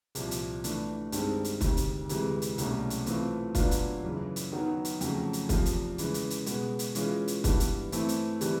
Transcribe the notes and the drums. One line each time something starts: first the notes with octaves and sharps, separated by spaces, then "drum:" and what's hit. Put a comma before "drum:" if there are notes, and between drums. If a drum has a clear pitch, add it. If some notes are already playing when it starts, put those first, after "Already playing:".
C2 A#2 F3, drum: hi-hat
drum: hi-hat
E3 A3 D4, drum: hi-hat
G2 D#3 G#3 C4, drum: hi-hat
drum: hi-hat
D2 C3 D#3, drum: kick, hi-hat
drum: hi-hat
D2 C3 E3 G#3, drum: hi-hat
drum: hi-hat
C2 B2 F#3 A3 C#4, drum: hi-hat
drum: hi-hat
E3 A3 C4 F4, drum: hi-hat
A#2 F#3 B3 D4 F4, drum: kick, hi-hat
drum: hi-hat
F#2 C#3 E3
drum: hi-hat
D#3 F#3 B3 D#4
drum: hi-hat
F2 C#3 F#3 A3, drum: hi-hat
drum: hi-hat
E2 C3 F3 A#3, drum: kick, hi-hat
drum: hi-hat
C#3 E3 G#3, drum: hi-hat
drum: hi-hat
drum: hi-hat
B2 G#3 B3, drum: hi-hat
drum: hi-hat
E3 G#3 C#4 F4, drum: hi-hat
drum: hi-hat
G2 E3 G3 B3, drum: kick, hi-hat
drum: hi-hat
E3 A3 C4 E4, drum: hi-hat
drum: hi-hat
C3 E3 G3, drum: hi-hat